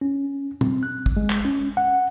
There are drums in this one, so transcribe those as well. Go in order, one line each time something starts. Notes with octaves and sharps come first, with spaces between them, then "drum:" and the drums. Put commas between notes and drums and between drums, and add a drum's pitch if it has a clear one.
C#4
C4, drum: tom
F#6
drum: kick
G#3
drum: clap
C#4
F#5